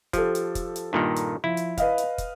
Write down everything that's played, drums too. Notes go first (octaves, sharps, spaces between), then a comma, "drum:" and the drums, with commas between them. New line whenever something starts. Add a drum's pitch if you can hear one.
F3 G4 A4, drum: kick, hi-hat
drum: hi-hat
drum: kick, hi-hat
drum: hi-hat
G2 A#2 D#3
drum: hi-hat
F3 E4
drum: hi-hat
B4 D#5 F5, drum: kick, hi-hat
drum: hi-hat
drum: kick, hi-hat